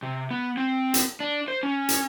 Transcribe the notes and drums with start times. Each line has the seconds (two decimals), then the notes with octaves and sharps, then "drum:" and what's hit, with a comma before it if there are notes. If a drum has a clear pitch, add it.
0.03 C3
0.31 B3
0.57 C4
0.94 drum: hi-hat
1.20 D4
1.48 C5
1.63 C#4
1.89 drum: hi-hat